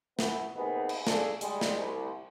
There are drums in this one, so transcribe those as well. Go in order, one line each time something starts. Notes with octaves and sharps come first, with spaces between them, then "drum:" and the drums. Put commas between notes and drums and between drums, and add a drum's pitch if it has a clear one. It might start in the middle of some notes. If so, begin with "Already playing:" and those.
E3 B3 E4, drum: snare
C3 A#3 B3 D#4 G#4 B4
drum: cymbal
C#3 D4 G#4 A4, drum: snare
G3 G#3, drum: hi-hat
drum: snare
C2